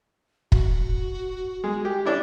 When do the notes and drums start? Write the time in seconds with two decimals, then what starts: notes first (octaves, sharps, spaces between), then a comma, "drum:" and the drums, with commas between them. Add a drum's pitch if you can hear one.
0.52 F#4, drum: kick
1.64 G#3
1.85 G4
2.05 C#4 D4 E4